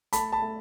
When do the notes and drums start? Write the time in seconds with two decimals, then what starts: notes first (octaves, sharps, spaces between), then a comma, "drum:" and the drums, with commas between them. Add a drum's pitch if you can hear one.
0.13 A3 A5 B5, drum: hi-hat
0.32 A5 B5
0.42 A3